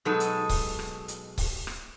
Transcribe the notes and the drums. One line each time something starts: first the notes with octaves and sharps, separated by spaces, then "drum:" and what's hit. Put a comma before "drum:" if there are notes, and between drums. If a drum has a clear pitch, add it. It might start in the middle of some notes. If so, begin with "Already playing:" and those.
B2 F#3 G#3 D#4 A4
drum: hi-hat
drum: kick C#1, open hi-hat
drum: rim click
drum: hi-hat
drum: kick C#1, open hi-hat
drum: rim click